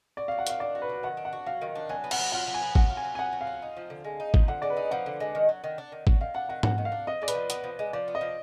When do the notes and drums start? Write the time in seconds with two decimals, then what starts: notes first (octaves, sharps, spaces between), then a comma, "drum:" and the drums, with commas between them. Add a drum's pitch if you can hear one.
0.17 F#4 D5
0.28 F#3 F5
0.39 F#5
0.47 D#3 F5, drum: hi-hat
0.60 D4 D5
0.75 F#4
0.82 B4
0.89 F#3
1.03 D#3 F#5
1.17 D4
1.25 F#5
1.33 F#4
1.46 F#3 F5
1.61 D#3
1.75 D4
1.89 F#3 G#5
2.04 B3
2.11 F#5, drum: cymbal
2.19 F#3
2.32 F4 F#5
2.48 F#3
2.54 G#5
2.61 B3
2.75 F#3 F#5, drum: kick G#1
2.90 F4
2.97 G#5
3.05 F#3
3.15 G#5
3.18 B3 F#5
3.33 F#3
3.41 F5
3.47 F4
3.62 D#4
3.77 F3
3.90 D3
4.04 G#3
4.20 D#4
4.34 F3, drum: kick G#1
4.48 D3 F#5
4.62 G#3 D5
4.70 B4
4.77 D#4
4.91 F3 F#5
5.06 D3
5.20 G#3
5.35 D#3
5.49 F#3
5.64 D#3
5.78 D4
5.92 D#3
6.07 F#3, drum: kick G#1
6.21 D#3 F5
6.34 D4 F#5
6.49 D#3 F#5
6.63 F#3 F#5, drum: tom G#2
6.78 D#3
6.85 F5
6.92 D4
7.07 F3 D#5
7.22 G#3 D5
7.28 B4, drum: hi-hat
7.35 F3
7.50 B3, drum: hi-hat
7.64 F3
7.79 G#3
7.93 F3 D5
8.08 B3
8.15 D#5
8.21 F3